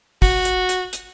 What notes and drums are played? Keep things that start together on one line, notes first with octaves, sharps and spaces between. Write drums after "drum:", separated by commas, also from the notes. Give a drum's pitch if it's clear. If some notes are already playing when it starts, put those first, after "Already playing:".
F#4, drum: kick, open hi-hat
drum: hi-hat
drum: hi-hat
drum: hi-hat